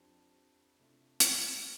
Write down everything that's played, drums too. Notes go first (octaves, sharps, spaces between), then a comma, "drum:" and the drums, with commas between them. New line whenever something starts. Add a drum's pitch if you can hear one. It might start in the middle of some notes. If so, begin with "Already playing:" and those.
Already playing: F2 F3 D4 G4 C5
C3 A3 D4 F4
drum: hi-hat